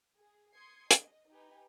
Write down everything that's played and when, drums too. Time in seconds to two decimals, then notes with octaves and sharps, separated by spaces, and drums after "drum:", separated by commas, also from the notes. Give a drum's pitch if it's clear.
0.18 G#4
0.53 C6 D#6 G#6 C7 C#7
0.91 D#5, drum: hi-hat
1.29 D#4 G4 B4 G#5